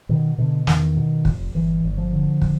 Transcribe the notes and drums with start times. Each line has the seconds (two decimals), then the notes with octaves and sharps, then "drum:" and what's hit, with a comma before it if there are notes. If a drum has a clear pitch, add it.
0.09 B2 D#3
0.38 B2 D3
0.67 E2 D#3, drum: snare
0.97 B2
1.25 F1, drum: kick
1.55 G1 E3
1.84 G1
1.98 F3
2.13 D3
2.42 drum: kick